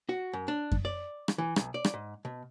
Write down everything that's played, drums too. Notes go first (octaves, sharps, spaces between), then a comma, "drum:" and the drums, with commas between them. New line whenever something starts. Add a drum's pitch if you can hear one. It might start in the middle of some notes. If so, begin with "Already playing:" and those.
F#4
F#2
D4
drum: kick F#2
D5
drum: rim click
E3
B1, drum: rim click
D5
drum: rim click
G#2
B2